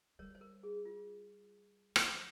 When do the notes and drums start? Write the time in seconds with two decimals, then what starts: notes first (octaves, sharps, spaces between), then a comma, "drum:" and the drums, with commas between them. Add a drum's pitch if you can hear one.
0.19 G3 A#4 C#5
0.35 C5
0.41 A#4
0.63 G#4
0.85 F4
1.96 F3, drum: rim click